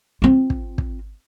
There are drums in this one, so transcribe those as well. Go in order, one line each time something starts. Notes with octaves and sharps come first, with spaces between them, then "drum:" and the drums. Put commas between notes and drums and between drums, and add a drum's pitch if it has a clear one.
C4 F4
drum: kick
drum: kick